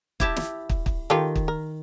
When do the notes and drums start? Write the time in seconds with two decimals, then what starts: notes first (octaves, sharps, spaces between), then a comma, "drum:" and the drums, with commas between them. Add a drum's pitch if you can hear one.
0.20 E4 G4 A5, drum: kick
0.36 drum: snare
0.69 drum: kick
0.86 drum: kick
1.10 D#3 F4 G4 A4
1.36 drum: kick
1.48 A#4